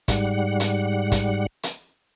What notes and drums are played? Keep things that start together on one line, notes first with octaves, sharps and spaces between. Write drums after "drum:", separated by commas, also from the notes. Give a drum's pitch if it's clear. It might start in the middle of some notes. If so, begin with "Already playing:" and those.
G#2 G3 F#5, drum: kick, hi-hat
drum: hi-hat
drum: kick, hi-hat
drum: hi-hat